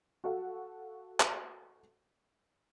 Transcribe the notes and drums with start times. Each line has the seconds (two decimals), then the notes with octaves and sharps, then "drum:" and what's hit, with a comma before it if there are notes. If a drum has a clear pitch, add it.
0.24 F#4 A4 F5 F#5
1.20 drum: clap